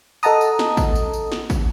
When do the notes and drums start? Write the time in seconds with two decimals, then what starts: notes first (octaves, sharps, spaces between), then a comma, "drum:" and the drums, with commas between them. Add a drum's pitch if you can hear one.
0.23 A4 D#5 F#5 A5 A#5 D#6, drum: tambourine
0.41 drum: tambourine
0.59 drum: snare
0.77 drum: kick, tambourine
0.95 drum: tambourine
1.14 drum: tambourine
1.32 drum: snare
1.50 drum: kick, tambourine